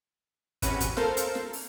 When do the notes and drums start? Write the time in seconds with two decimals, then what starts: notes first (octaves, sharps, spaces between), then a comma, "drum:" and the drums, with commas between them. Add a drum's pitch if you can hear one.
0.62 E2 C3 C#4 F#4 B4 D#7, drum: kick, hi-hat
0.80 drum: kick, hi-hat
0.97 A4 A#4 C5 F5, drum: snare
1.17 drum: hi-hat
1.35 drum: snare
1.53 drum: open hi-hat